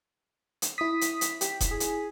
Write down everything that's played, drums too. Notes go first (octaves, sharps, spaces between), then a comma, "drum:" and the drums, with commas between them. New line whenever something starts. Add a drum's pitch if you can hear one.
drum: hi-hat
E4 D#6 B6
drum: hi-hat
drum: hi-hat
G4, drum: hi-hat
drum: kick E1, hi-hat
G#4
drum: hi-hat